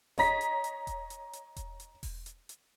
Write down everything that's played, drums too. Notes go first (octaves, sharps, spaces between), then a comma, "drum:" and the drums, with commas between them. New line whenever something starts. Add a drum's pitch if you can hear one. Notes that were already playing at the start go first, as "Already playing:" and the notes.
C#5 D#5 A#5 B6, drum: snare G1
drum: hi-hat
drum: hi-hat
drum: kick E1, hi-hat
drum: hi-hat
drum: hi-hat
drum: kick E1, hi-hat
drum: hi-hat
drum: kick E1, open hi-hat
drum: hi-hat
drum: hi-hat